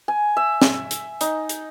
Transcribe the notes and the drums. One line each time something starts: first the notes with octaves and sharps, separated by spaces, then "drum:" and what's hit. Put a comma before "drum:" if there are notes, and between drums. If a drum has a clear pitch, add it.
G#5
E5
E5, drum: snare
drum: hi-hat
D#4, drum: hi-hat
drum: hi-hat